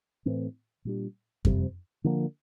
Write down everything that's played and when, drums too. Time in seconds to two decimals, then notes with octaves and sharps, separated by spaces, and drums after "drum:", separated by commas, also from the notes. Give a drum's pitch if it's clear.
0.25 A2 E3 A3 C4
0.85 A#2 G3 D4
1.45 F2 C3 G3 C4, drum: kick F#2
2.04 D3 F3 A#3